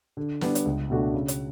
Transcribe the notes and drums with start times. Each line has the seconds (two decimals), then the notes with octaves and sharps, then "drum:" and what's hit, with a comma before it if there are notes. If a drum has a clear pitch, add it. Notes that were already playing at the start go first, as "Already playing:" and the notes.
0.17 D3
0.41 G3 B3 D4, drum: snare
0.55 drum: hi-hat
0.65 C#2
0.90 B2 A3 D4 F#4
1.14 C#3
1.28 drum: hi-hat